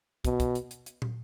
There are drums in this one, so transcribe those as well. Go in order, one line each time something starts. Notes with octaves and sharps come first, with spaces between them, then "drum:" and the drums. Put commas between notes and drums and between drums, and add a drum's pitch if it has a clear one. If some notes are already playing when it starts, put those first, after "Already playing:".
B2, drum: kick, hi-hat
drum: kick, hi-hat
drum: hi-hat
drum: hi-hat
drum: hi-hat
drum: tom